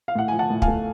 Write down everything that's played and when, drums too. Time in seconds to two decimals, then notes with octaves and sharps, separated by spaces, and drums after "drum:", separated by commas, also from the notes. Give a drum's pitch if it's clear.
0.08 F5
0.15 A2 F#5
0.28 G#5
0.33 F3
0.39 F#5 A5
0.50 A2
0.62 F5 G#5, drum: kick
0.68 A3